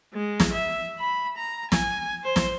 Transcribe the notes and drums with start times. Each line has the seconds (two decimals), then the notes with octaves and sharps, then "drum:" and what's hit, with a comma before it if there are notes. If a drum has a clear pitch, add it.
0.14 G#3
0.40 drum: snare
0.53 E5
0.99 B5
1.38 A#5
1.72 G#5, drum: snare
2.24 C5
2.36 drum: snare